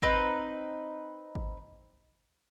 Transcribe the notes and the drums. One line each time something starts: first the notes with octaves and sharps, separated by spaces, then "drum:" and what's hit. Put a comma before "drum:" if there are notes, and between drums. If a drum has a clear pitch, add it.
C4 D#4 B4, drum: kick G#1
drum: kick G#1